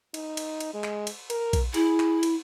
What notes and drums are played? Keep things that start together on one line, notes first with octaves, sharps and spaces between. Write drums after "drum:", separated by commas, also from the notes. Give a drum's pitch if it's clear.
D#4, drum: cymbal
drum: cymbal
drum: cymbal
G#3
drum: clap
drum: cymbal
A#4, drum: cymbal
drum: kick A#1, cymbal
E4 G#4, drum: cymbal
drum: clap
drum: cymbal